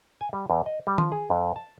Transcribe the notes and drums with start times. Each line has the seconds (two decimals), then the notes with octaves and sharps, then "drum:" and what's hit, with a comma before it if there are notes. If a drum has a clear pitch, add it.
0.21 G#5
0.33 G3
0.50 E2
0.66 D#5
0.87 G3
0.98 F3, drum: tom D#3
1.12 G#4
1.30 F2
1.56 A5